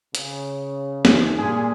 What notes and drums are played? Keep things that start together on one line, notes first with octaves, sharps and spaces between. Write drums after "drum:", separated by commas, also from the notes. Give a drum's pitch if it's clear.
C#3, drum: hi-hat
D#2 E3 D#4, drum: snare
A#2 G3 G#3 D4 G#4